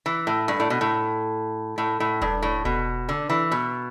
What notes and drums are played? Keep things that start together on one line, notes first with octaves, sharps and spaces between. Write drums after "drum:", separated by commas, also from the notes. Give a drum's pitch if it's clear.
E3
A2
G2
A2
B2
A2
A2
A2
G2, drum: kick E1
A2
B2, drum: kick E1
D3
E3
B2